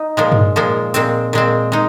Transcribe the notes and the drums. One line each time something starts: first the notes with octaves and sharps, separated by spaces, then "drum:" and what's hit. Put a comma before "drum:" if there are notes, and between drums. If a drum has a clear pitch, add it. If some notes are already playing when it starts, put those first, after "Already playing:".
Already playing: D#4
A#2 F3 G#3
drum: tom G2
A#2 F3 G#3
A#2 G#3 C4, drum: hi-hat
A#2 G#3 C4
G#3 D#4